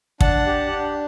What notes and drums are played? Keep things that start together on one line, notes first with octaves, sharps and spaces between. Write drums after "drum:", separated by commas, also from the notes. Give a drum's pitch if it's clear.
D4 F#5 A5, drum: kick
G4
D4